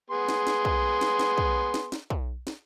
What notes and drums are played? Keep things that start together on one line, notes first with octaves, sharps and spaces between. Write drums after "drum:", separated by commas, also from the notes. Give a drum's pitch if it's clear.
B3 G#4 C6
drum: snare
drum: snare
drum: kick
drum: snare
drum: snare
drum: kick
drum: snare
drum: snare
drum: kick
drum: snare